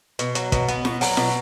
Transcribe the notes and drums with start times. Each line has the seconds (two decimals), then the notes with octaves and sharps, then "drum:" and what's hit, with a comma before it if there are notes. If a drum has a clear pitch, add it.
0.19 B2, drum: hi-hat
0.35 F#3, drum: hi-hat
0.52 B2, drum: kick, hi-hat
0.68 B3, drum: hi-hat
0.85 B2, drum: snare
1.01 F#3, drum: open hi-hat
1.17 B2, drum: snare